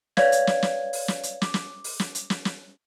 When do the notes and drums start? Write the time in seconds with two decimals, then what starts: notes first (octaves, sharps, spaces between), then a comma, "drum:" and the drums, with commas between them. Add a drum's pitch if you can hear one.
0.17 B4 C#5 D5 F5 G#6, drum: snare
0.32 drum: hi-hat
0.47 drum: snare
0.62 drum: snare
0.93 drum: open hi-hat
1.08 drum: snare
1.23 drum: hi-hat
1.42 D6, drum: snare
1.54 drum: snare
1.84 drum: open hi-hat
1.99 drum: snare
2.15 drum: hi-hat
2.30 drum: snare
2.45 drum: snare